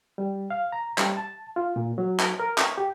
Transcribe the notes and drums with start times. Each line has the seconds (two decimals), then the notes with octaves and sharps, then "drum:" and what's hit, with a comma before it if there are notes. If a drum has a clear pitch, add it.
0.18 G3
0.50 F5
0.72 A#5
0.98 G3, drum: clap
1.17 A5
1.56 F4
1.76 A#2
1.98 F#3
2.20 drum: clap
2.40 A#4
2.58 C#6, drum: clap
2.78 G4